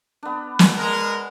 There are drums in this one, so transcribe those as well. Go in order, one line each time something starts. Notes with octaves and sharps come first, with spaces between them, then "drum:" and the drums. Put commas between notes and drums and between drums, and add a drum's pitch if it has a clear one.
B3 D4
drum: snare
G#3 A#4